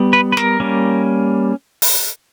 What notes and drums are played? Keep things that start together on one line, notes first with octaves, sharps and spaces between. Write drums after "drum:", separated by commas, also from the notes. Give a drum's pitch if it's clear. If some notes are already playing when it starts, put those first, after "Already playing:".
Already playing: G3 B3
B4
B4
A#4, drum: snare
G3 A#3 C#4
drum: open hi-hat